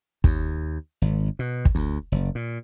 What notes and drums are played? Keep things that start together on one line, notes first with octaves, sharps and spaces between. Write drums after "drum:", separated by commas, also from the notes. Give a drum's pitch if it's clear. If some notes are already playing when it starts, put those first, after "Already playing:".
D#2, drum: kick
G#1
B2
drum: kick
D2
F#1
A#2